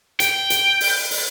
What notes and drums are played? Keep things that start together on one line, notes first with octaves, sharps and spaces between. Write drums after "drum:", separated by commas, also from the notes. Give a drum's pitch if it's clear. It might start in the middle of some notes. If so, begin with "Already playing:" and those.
G5, drum: hi-hat
drum: hi-hat
drum: open hi-hat
drum: open hi-hat